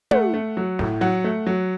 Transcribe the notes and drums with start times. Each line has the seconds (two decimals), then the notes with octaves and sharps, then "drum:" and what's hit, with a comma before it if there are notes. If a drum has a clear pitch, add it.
0.11 A3 F#5, drum: tom
0.34 A3
0.57 F#3
0.79 A2, drum: snare
1.01 F#3 F#5
1.24 A3
1.47 F#3